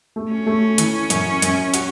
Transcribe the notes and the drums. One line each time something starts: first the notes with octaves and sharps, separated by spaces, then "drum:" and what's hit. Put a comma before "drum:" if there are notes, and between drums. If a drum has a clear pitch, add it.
A3
C#4
A3
E3, drum: hi-hat
F#2, drum: hi-hat
F#2, drum: hi-hat
F#4, drum: hi-hat